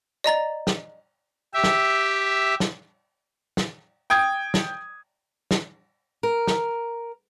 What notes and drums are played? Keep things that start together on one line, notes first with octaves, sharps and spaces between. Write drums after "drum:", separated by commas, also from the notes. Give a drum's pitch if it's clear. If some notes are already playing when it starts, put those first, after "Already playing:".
D5 D#5 A#5 A6
drum: snare
G4 E5
drum: snare
drum: snare
drum: snare
G5 D#6 G#6
drum: snare
drum: snare
A#4
drum: snare